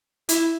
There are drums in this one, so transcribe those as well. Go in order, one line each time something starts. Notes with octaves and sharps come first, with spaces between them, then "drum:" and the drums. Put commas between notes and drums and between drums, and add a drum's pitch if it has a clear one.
E4, drum: hi-hat